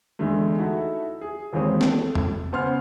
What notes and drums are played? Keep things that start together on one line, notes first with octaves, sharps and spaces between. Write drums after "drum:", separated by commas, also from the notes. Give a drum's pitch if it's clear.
E2 D3 G#3 A3
D#4 E4 F#4 A4 E5 F#5
G#4
D#2 E3 G#3 C4 C#5 D#6
A4, drum: snare
drum: tom E2
C#3 B3 C5 C6 F6